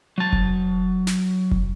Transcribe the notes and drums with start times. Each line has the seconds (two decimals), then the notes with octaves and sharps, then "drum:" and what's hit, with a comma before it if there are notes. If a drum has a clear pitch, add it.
0.18 F#3 A5
0.33 drum: kick F1
1.07 drum: snare
1.51 drum: kick F1